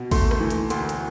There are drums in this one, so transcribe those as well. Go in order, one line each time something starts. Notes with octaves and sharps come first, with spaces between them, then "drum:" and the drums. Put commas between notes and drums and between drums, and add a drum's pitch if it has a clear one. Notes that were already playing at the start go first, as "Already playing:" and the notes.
Already playing: B2
A3 C6, drum: kick A1, open hi-hat
drum: rim click
E3
drum: hi-hat
D2 C6, drum: hi-hat
drum: hi-hat